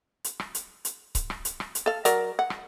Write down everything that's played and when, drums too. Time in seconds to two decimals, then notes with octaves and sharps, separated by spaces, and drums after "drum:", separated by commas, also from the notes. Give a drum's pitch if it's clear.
0.24 drum: hi-hat
0.40 drum: rim click
0.55 drum: hi-hat
0.85 drum: hi-hat
1.15 drum: kick C#1, hi-hat
1.30 drum: rim click
1.45 drum: hi-hat
1.60 drum: rim click
1.75 drum: hi-hat
1.86 A4 F5
2.05 F#3 A#4 D5, drum: hi-hat
2.39 F#5
2.50 drum: rim click